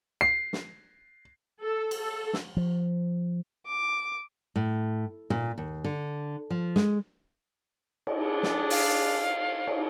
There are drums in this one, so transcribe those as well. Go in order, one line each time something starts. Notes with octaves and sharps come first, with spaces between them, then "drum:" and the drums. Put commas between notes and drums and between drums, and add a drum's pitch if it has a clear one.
C7
drum: snare
A4
drum: cymbal
A4
drum: snare
F3
D6
A2
A#2, drum: tom
D#2
D3
F3
G#3, drum: snare
drum: cymbal
D4 G#4
drum: snare
F5, drum: open hi-hat
drum: cymbal